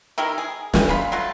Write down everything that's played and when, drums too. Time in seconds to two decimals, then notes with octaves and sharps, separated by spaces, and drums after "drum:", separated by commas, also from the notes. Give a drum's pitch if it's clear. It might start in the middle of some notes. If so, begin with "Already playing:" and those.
0.18 D#3 E4 G4 A#4
0.38 G#4
0.74 E3 G3, drum: snare
0.89 F4 B5
1.12 F#3 A3 F4